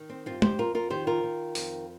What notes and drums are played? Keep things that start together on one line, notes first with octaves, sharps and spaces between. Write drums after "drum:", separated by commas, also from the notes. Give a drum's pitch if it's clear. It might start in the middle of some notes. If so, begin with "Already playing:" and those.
Already playing: D#3
C4
G2 C4 F4
G4 C5, drum: tom
F2 F4 A#4
F4 A#4
D#3 G4 C5
F4 A#4
D#3
F2, drum: open hi-hat